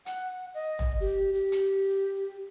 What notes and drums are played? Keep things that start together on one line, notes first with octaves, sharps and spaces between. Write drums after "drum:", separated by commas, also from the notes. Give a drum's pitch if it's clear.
F#5, drum: hi-hat
D#5
drum: tom
G4
G4
drum: hi-hat